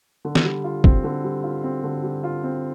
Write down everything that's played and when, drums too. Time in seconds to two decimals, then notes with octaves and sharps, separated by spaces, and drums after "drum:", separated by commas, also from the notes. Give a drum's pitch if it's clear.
0.25 D3
0.35 drum: snare
0.44 G3
0.64 F4
0.84 C4, drum: kick
1.04 D3
1.24 G3
1.44 F4
1.64 C4
1.84 D3
2.04 G3
2.24 F4
2.43 C4